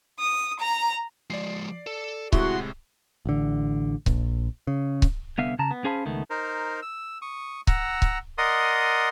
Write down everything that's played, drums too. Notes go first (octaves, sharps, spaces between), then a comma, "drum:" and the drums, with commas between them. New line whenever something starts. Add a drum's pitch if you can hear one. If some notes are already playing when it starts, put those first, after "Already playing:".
D#6
A#5
F3 G#3 D5 C7
A4
A2 C3 G#3 E4 F#4 C6, drum: kick C#1
A1 D3
A#1, drum: kick C#1
C#3
drum: kick C#1
C2 D3 B3 E5 F5
C#3 A5 A#5
B3
C#4 G#4 C5 F5 A5 B5
C#2 D#3 A3 B3
D#4 A#4 C5
E6
C#6 D#6
F#5 A#5 E6, drum: kick C#1
drum: kick C#1
A#4 D5 D#5 F#5 C6 D#6